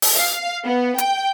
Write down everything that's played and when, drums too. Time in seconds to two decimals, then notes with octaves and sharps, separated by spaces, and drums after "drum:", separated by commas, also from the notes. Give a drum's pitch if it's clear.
0.02 drum: open hi-hat
0.16 F5
0.65 B3
0.98 G5, drum: hi-hat